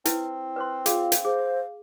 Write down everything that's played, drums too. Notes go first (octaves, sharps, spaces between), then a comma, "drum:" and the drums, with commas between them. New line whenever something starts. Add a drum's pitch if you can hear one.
C4 E4 B4, drum: hi-hat
B4 C5 C6
F4 G#4 F5, drum: hi-hat
drum: hi-hat
G#4 C5